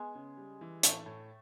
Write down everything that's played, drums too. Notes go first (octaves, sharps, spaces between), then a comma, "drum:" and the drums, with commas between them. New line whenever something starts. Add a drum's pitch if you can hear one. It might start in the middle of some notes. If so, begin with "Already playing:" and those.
Already playing: G#3 B3
C#3
G3
E3
A2 A3, drum: hi-hat
A2